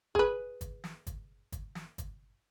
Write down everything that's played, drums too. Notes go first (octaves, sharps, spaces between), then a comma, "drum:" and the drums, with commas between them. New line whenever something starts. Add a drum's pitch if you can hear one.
G#4 B4, drum: kick G1
drum: kick G1, hi-hat
drum: snare
drum: kick G1, hi-hat
drum: kick G1, hi-hat
drum: snare
drum: kick G1, hi-hat